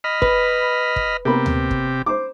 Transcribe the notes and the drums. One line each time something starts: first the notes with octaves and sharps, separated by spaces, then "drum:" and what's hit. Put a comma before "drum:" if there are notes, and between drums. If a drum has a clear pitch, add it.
D#5 B5 F6
B4, drum: kick
drum: kick
C3 A#3 B3 G4 B5
drum: tom D2
drum: kick
C5 D6